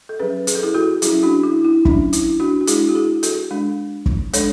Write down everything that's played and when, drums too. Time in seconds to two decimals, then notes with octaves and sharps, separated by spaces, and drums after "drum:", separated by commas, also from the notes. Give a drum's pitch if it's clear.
0.09 A4
0.19 F#3 C#4 G#4 B4
0.47 G#4, drum: hi-hat
0.55 A4
0.63 E4 G#4
0.74 F#4 A4
1.02 F#3 C#4 E4 G#4, drum: hi-hat
1.23 D4 F#4
1.43 E4
1.65 E4
1.85 F#3 C#4 D4, drum: kick
2.13 E4, drum: hi-hat
2.40 D4 F#4
2.61 F#4
2.67 G#3 D4 E4 G#4, drum: hi-hat
2.89 F#4
2.95 E4 G#4
3.23 F#4 A4, drum: hi-hat
3.51 G#3 D4
4.06 drum: kick
4.33 G#3 D4 A4 C#5, drum: hi-hat